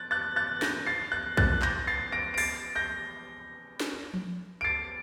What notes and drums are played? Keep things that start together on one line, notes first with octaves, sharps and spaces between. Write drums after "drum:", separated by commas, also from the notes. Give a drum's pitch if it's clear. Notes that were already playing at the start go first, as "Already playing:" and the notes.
Already playing: F#6 A6
F#6 A6
F#6 A6
G6 A#6, drum: snare
A6 C7
F#6 A6
F#6 A6, drum: kick B1
G6 A#6, drum: clap
A6 C7
A#6 D7
D7
A6 C7, drum: open hi-hat
G6 A#6
drum: snare
drum: tom F3
D7
A6 C7